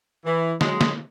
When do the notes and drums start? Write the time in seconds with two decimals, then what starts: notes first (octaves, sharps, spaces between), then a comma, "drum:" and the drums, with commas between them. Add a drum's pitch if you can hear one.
0.25 E3
0.61 F#3 G#3, drum: snare
0.81 drum: snare